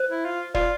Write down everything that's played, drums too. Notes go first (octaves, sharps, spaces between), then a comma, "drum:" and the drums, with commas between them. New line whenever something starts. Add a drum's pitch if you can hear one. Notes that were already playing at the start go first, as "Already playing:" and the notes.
Already playing: C5
E4
F4
F4 D5, drum: kick